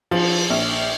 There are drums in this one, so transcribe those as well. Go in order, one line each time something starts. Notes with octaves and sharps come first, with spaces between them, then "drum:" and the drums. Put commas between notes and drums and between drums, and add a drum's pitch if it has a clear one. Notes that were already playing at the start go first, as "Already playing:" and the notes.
F3, drum: cymbal
A#1